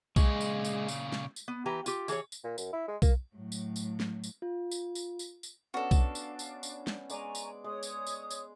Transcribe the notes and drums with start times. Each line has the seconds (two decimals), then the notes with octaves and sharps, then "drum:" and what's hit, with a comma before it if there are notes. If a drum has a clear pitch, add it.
0.16 A#2 C#3 G#3, drum: kick B1, tambourine
0.41 drum: tambourine
0.65 drum: tambourine
0.88 drum: tambourine
1.12 drum: snare
1.36 drum: tambourine
1.48 B3
1.66 E3 G4 B4 A#5
1.86 F4 G4, drum: tambourine
2.08 E3 G#4 A#4 C#5, drum: tambourine
2.32 drum: tambourine
2.44 A#2
2.58 F#2, drum: tambourine
2.73 E4
2.88 G#3
3.02 A#3, drum: kick B1, tambourine
3.36 A2 F#3
3.52 drum: tambourine
3.76 drum: tambourine
4.00 drum: snare
4.24 drum: tambourine
4.42 F4
4.71 drum: tambourine
4.95 drum: tambourine
5.19 drum: tambourine
5.43 drum: tambourine
5.74 B3 C#4 D4 F#4 A4 D5 F5
5.91 drum: kick B1, tambourine
6.15 drum: tambourine
6.39 drum: tambourine
6.63 drum: tambourine
6.87 drum: snare
7.10 G#3 G#4 D5 G#5 A#5 C#6, drum: tambourine
7.35 drum: tambourine
7.64 G#3 C#5 D#6
7.83 drum: tambourine
8.07 drum: tambourine
8.30 drum: tambourine